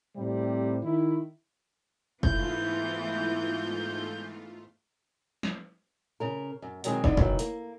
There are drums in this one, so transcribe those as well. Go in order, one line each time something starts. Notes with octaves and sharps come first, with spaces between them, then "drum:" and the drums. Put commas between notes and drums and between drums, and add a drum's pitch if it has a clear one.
A2 C3 G3 C4
D#3 E4
G#2 E3 A3 B3 E4 F4 G6, drum: kick
drum: snare
C#3 A#4
F#2
B2 D#3 F#3 G#3 C4 G#4, drum: hi-hat
D3 E3 B3 D4 D#4, drum: kick
G#2 B2 D#3 E3 F#3, drum: kick
A#3, drum: hi-hat